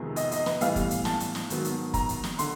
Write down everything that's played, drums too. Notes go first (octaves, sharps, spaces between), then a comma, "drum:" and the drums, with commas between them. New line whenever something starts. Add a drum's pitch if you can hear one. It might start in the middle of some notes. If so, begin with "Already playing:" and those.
Already playing: F2 C3 D#3 G#3 B3
D#5, drum: hi-hat
D#5, drum: hi-hat
B4, drum: snare
A2 E3 G3 B3 F5, drum: hi-hat
drum: kick, hi-hat
drum: hi-hat
A5, drum: snare
drum: hi-hat
drum: snare
G#2 D#3 F#3 B3, drum: hi-hat
drum: hi-hat
A#5, drum: kick, hi-hat
drum: hi-hat
drum: snare
D3 C6, drum: hi-hat